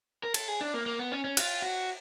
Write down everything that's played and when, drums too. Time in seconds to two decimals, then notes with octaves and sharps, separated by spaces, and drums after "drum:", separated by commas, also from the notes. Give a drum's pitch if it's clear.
0.23 A#4
0.34 A4, drum: cymbal
0.48 G#4
0.61 D4
0.74 A#3
0.86 A#3
0.99 B3
1.12 C#4
1.24 C#4
1.37 F4, drum: cymbal
1.62 F#4